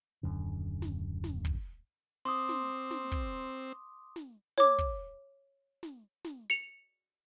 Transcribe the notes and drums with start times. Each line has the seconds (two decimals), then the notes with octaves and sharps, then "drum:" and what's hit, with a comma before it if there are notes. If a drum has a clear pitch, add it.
0.23 D#1 F#2 D3
0.82 drum: snare
1.24 drum: snare
1.45 drum: kick
2.25 C4 C6 D6 D#6
2.49 drum: snare
2.91 drum: snare
3.12 drum: kick
4.16 drum: snare
4.58 C#5 D6, drum: snare
4.78 drum: kick
5.83 drum: snare
6.25 drum: snare
6.50 C#7 F7